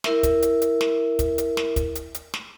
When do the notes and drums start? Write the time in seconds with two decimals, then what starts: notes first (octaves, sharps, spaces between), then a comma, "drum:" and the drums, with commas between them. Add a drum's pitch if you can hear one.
0.04 E4 A#4 E5, drum: snare
0.23 drum: kick, hi-hat
0.42 drum: hi-hat
0.62 drum: hi-hat
0.81 drum: snare
1.19 drum: kick, hi-hat
1.38 drum: hi-hat
1.57 drum: snare
1.76 drum: kick, hi-hat
1.95 drum: hi-hat
2.14 drum: hi-hat
2.34 drum: snare